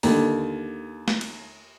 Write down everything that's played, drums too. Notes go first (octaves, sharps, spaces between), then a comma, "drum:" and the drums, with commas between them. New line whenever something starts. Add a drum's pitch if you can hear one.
D#2 D3, drum: open hi-hat
drum: snare
drum: cymbal